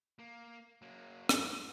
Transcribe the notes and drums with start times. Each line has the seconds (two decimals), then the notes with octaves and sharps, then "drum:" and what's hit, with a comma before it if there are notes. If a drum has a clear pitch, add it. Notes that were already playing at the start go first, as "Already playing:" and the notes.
0.19 A#3
0.82 F#3 A#3
1.29 drum: rim click